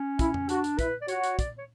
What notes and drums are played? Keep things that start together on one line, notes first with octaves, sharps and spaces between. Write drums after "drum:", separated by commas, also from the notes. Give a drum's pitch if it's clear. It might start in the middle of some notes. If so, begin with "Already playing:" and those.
Already playing: C#4
E4, drum: kick, hi-hat
drum: tom F2
D4 F#4, drum: hi-hat
drum: hi-hat
E4 B4, drum: kick, hi-hat
D5
F#4 C#5, drum: hi-hat
drum: hi-hat
D5, drum: kick, hi-hat
C#5